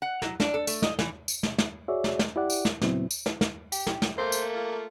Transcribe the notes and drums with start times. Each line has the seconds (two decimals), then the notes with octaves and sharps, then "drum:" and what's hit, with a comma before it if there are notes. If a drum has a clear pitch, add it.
0.02 F#5
0.22 F#3, drum: snare
0.40 D4, drum: snare
0.54 A4
0.67 A3, drum: tambourine
0.82 D#5, drum: snare
0.99 E3, drum: snare
1.28 drum: tambourine
1.43 drum: snare
1.58 drum: snare
1.88 F#4 G#4 C#5 D5 E5
2.04 drum: snare
2.19 drum: snare
2.36 E4 G4 D5 F#5
2.50 drum: tambourine
2.65 drum: snare
2.82 A#2 C#3 F#3 B3 C4 E4, drum: snare
3.11 drum: tambourine
3.26 drum: snare
3.41 drum: snare
3.72 G4, drum: tambourine
3.87 drum: snare
4.02 drum: snare
4.18 A3 A#3 C5
4.32 drum: tambourine
4.55 F4